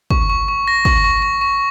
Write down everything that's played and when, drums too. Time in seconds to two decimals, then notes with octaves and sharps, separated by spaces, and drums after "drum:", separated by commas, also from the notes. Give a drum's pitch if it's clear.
0.10 C#6, drum: kick
0.30 C#6
0.48 C#6
0.68 A#6
0.85 C#6, drum: kick
1.04 C#6
1.22 C#6
1.41 C#6